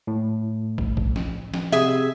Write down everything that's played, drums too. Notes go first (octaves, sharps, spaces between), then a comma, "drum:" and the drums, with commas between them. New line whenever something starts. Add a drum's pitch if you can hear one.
A2
drum: kick
drum: kick
drum: snare
drum: snare
C3 G#4 E5